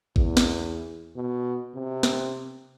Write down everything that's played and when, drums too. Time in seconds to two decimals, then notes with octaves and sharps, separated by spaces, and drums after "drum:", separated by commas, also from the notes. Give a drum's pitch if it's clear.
0.16 E2, drum: kick
0.37 drum: snare
1.16 B2
1.75 C3
2.03 drum: snare